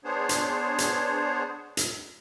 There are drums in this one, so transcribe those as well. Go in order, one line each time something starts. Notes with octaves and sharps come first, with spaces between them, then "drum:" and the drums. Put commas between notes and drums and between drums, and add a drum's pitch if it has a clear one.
B3 D4 G#4 C5 C#5
drum: hi-hat
drum: hi-hat
drum: hi-hat